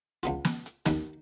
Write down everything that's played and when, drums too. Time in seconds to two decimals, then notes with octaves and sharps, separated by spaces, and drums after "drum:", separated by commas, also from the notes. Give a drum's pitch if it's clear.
0.23 C#2 B3 F4, drum: hi-hat
0.45 drum: snare
0.66 drum: hi-hat
0.86 D#2 D#3, drum: snare